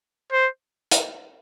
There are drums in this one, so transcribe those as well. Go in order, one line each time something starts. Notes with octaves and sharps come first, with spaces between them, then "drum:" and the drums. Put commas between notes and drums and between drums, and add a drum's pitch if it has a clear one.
C5
drum: hi-hat